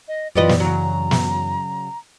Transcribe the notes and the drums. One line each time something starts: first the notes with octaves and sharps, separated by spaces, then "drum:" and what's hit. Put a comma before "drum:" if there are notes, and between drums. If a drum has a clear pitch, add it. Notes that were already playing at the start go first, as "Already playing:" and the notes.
D#5
F#2 E3 G3 B3 F4 D#5
drum: snare
C#3 F#3 A#5
drum: snare